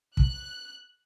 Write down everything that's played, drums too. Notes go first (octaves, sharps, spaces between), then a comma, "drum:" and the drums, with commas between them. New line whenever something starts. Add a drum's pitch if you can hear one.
F#6, drum: kick